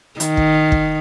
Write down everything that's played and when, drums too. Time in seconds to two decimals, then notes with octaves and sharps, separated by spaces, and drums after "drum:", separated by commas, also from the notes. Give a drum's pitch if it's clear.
0.20 D#3, drum: hi-hat
0.37 drum: kick
0.72 drum: kick